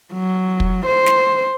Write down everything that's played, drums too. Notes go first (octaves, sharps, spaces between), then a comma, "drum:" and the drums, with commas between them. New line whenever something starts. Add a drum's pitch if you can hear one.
F#3
drum: kick
C5
drum: snare